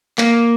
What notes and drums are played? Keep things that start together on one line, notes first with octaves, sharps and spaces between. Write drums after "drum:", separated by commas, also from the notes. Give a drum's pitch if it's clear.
A#3, drum: clap